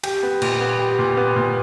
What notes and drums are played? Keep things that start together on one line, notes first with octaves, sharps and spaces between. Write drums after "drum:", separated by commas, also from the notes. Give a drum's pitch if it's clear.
G4, drum: cymbal
B3
A#2, drum: cymbal
B3
G4
A#2
B3
A#2